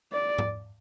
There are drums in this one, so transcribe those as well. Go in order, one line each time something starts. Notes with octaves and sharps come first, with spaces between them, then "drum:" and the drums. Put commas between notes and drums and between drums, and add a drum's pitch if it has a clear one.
D5
drum: tom G#2